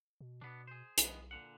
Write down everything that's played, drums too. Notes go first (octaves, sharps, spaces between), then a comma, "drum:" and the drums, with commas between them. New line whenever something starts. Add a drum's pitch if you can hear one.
B2
B2 B3 D4
G#4 C5
B1 E2 G#3 B3, drum: hi-hat
A#2 D3 F#5